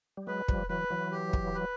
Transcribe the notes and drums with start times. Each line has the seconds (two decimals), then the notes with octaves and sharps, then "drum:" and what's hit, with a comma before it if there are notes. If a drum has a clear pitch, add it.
0.17 G3
0.27 F#3 G#3 B4
0.48 F3 G3, drum: kick
0.69 E3 F#3 B4
0.90 E3 F#3
1.11 G4
1.33 drum: kick
1.54 B4